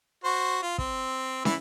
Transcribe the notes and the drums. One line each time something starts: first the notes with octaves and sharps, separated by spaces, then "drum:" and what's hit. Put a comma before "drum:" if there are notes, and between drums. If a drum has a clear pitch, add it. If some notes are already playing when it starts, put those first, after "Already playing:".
F#4 C5
F4
C4, drum: kick
E3 E4, drum: snare